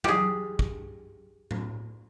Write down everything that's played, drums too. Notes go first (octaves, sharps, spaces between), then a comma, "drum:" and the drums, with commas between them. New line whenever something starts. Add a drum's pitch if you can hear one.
G4 G#4, drum: tom F#3
drum: kick
drum: tom A2